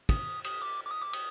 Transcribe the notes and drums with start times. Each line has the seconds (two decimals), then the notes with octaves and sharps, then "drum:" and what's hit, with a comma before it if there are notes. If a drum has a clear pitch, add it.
0.09 D#6, drum: kick, cymbal
0.44 D#6, drum: cymbal
0.62 D6
0.86 D6
0.91 D#6
1.02 D6
1.13 D#6, drum: cymbal